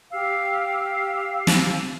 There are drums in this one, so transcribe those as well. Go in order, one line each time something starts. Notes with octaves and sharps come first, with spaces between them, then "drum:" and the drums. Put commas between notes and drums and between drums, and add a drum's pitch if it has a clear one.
G4 F5 E6
drum: snare